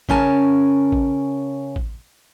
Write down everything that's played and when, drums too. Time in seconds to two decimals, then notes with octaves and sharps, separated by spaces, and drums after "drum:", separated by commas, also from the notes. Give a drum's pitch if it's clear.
0.09 C#3 C#4 A#4 G#5 A5, drum: kick A1
0.92 drum: kick A1
1.76 drum: kick A1